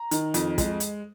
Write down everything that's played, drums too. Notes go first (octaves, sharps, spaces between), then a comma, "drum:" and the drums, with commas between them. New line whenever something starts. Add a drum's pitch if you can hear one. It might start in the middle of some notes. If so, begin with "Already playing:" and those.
Already playing: A#5
D#3, drum: hi-hat
F2, drum: hi-hat
G#3, drum: kick, hi-hat
drum: hi-hat